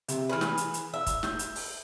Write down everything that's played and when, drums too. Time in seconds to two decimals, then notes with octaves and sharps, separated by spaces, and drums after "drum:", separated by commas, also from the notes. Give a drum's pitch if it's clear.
0.08 C3, drum: hi-hat
0.29 E3 G#4 B4 F6
0.41 drum: snare
0.57 drum: hi-hat
0.74 drum: hi-hat
0.94 E5
1.06 drum: kick, hi-hat
1.23 G6, drum: snare
1.39 drum: hi-hat
1.55 drum: open hi-hat